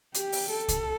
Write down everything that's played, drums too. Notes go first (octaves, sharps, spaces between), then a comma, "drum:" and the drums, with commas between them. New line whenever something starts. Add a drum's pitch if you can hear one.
G4, drum: hi-hat
drum: open hi-hat
A4
drum: kick C2, hi-hat